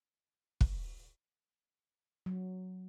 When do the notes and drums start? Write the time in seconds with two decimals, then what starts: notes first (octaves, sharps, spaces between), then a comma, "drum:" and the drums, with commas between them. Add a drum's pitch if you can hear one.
0.61 drum: kick
2.26 F#3